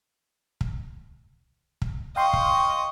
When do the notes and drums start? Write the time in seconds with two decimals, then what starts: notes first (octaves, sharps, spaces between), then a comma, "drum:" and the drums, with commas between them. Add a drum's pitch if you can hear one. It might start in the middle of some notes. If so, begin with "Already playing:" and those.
0.61 drum: kick
1.82 drum: kick
2.16 D#5 F5 G5 C6 C#6
2.33 drum: kick